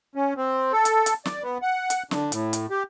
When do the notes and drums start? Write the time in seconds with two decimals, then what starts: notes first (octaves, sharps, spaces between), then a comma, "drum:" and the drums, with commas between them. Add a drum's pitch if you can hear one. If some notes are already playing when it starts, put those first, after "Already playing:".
0.15 C#4
0.37 C4
0.73 A4
0.85 drum: hi-hat
1.06 drum: hi-hat
1.25 D5, drum: snare
1.43 B3
1.62 F#5
1.90 drum: hi-hat
2.11 D3, drum: snare
2.32 A2, drum: hi-hat
2.53 drum: hi-hat
2.70 G4